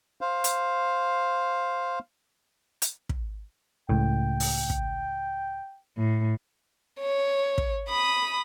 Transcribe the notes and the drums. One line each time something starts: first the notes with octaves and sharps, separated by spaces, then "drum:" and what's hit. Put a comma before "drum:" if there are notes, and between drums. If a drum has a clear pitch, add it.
C5 F5
drum: hi-hat
drum: hi-hat
drum: kick
C#2 A2 G5
drum: open hi-hat
drum: kick
A2
C#5
drum: kick
B5 D#6